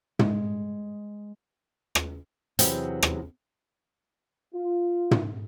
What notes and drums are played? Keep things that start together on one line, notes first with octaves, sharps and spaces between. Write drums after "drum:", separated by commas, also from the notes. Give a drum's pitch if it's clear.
G#3, drum: tom
drum: rim click
E2 C3 F#3 B3 G5, drum: hi-hat
drum: rim click
F4
drum: tom